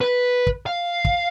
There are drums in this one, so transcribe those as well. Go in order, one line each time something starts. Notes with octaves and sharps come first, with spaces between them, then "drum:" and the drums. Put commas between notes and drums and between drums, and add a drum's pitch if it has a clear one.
B4
drum: kick
F5
drum: kick